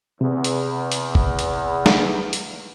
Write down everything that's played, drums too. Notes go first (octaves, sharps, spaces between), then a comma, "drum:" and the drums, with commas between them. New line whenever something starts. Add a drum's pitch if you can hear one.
E2 C3
drum: hi-hat
drum: hi-hat
drum: kick G1
drum: hi-hat
drum: snare
drum: hi-hat